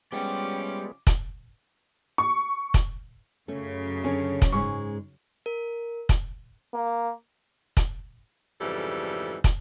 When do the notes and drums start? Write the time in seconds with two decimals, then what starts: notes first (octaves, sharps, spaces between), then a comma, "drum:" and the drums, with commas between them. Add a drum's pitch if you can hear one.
0.12 C3 F3 G3 G#3 B3 C#4 G5 D6
1.07 drum: kick, hi-hat
2.18 C#6
2.74 drum: kick, hi-hat
3.48 F#2 C#3 A3 C#4
4.04 D3 C#4 G#4
4.42 drum: kick, hi-hat
4.52 G#2 G#3 C#4 C#6
5.46 A#4
6.09 drum: kick, hi-hat
6.74 A#3
7.77 drum: kick, hi-hat
8.61 F2 G#2 C#3 E3 G3 A4
9.44 drum: kick, hi-hat